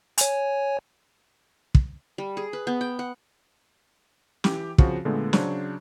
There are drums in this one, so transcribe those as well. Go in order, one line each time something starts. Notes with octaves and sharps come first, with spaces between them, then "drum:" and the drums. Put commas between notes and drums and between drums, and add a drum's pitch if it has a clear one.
C#5 G#5, drum: hi-hat
drum: kick
G3
G#4
B4
B3
G5
F#5
E3 G4, drum: snare
C#3 F3 C4 F#4, drum: kick
A#2 D3 G#3 A3 B3
C#3 F#3 D4 C5 C#5, drum: snare